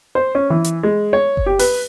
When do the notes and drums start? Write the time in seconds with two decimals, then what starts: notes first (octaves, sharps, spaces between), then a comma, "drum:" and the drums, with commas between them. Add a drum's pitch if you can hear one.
0.15 C5
0.35 C#4
0.50 E3
0.64 drum: hi-hat
0.83 G#3
1.13 C#5
1.37 drum: kick F#1
1.46 G4
1.59 B4, drum: open hi-hat